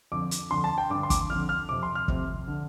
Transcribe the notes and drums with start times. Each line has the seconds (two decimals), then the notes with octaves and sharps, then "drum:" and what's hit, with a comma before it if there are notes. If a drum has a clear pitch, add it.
0.12 F2 D3 D6
0.31 drum: hi-hat
0.50 F2 D3 C6
0.64 A5
0.78 G5
0.90 G2 D3 D6
1.03 C6
1.10 D6, drum: kick, hi-hat
1.30 F2 D3 F6
1.49 F6
1.69 F2 C3 D6
1.83 C6
1.95 F6
2.08 F2 C3, drum: kick
2.48 D3